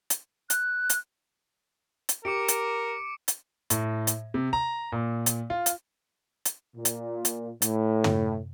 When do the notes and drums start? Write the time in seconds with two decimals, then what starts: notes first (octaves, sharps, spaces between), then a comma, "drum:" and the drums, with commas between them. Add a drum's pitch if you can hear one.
0.10 drum: hi-hat
0.50 F#6, drum: hi-hat
0.90 drum: hi-hat
2.09 drum: hi-hat
2.25 G4 A#4 D6 C#7 D7
2.48 drum: hi-hat
3.28 drum: hi-hat
3.70 A2, drum: hi-hat
4.07 drum: hi-hat
4.34 C3
4.53 A#5
4.92 A#2
5.26 drum: hi-hat
5.50 F4
5.66 drum: hi-hat
6.45 drum: hi-hat
6.76 A#2
6.85 drum: hi-hat
7.25 drum: hi-hat
7.62 A2, drum: hi-hat
8.04 drum: tom